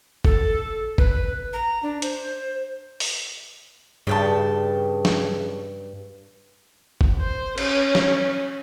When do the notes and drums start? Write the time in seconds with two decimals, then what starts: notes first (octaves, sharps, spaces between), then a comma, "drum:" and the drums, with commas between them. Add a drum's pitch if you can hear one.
0.25 A4, drum: kick
0.98 B4, drum: kick
1.53 A#5
1.83 D4
2.02 C5, drum: hi-hat
3.00 drum: open hi-hat
4.07 G2 C#3 G5 A5
5.05 drum: snare
7.01 drum: kick
7.19 C5
7.58 C#4, drum: cymbal
7.95 drum: snare